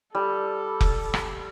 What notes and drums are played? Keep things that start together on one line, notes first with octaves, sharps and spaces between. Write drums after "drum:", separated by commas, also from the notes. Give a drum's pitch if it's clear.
G3 A4
drum: kick F1
drum: rim click